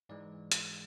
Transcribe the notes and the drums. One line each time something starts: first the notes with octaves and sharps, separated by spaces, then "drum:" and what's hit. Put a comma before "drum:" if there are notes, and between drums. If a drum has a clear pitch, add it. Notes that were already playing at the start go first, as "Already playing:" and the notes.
G#2 E3 G#3 D5
drum: hi-hat